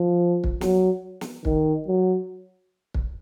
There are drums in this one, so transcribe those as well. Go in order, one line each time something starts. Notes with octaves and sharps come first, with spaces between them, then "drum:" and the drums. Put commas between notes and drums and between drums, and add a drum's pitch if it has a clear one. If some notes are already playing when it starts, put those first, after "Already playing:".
Already playing: F3
drum: kick
F#3, drum: snare
drum: snare
D#3, drum: kick
F#3
drum: kick